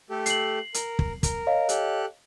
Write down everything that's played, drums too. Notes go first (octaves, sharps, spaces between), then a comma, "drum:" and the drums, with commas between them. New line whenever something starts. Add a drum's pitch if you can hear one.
A3 G4 A4
C7 F#7, drum: hi-hat
A#4, drum: hi-hat
drum: kick
A#4, drum: kick, hi-hat
C#5 D#5 F5
G4 A4 F#6, drum: hi-hat